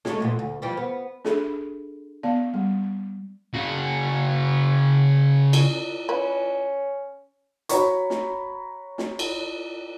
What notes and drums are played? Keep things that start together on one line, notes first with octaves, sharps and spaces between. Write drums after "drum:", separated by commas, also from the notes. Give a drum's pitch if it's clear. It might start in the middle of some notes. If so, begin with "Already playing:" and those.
G#3 A3, drum: snare
F#2 A#2 E3
D2
E3 F3 G3
B3
D4 G#4 A4 E5 B5, drum: snare
B3 D5 F5
G3
C#3 F#4
drum: cymbal
C#4 B4
F#4 C#5 A#5 B5 C#6, drum: hi-hat
drum: snare
drum: snare
drum: cymbal